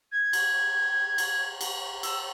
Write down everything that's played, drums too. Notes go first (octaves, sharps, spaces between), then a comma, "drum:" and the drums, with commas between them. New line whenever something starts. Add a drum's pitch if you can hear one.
G#6
drum: cymbal
drum: cymbal
drum: cymbal
E6, drum: cymbal